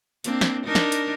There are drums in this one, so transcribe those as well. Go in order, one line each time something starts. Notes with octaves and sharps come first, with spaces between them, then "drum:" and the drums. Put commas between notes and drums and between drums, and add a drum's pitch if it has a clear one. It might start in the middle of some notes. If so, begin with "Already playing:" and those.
A#3 C4 D4, drum: hi-hat
drum: snare
D4 D#4 A#4
drum: snare
drum: hi-hat